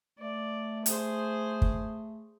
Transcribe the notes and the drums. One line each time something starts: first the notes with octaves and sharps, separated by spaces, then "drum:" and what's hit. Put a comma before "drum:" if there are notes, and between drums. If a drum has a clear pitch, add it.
A3 D5
G#4 C5, drum: hi-hat
drum: kick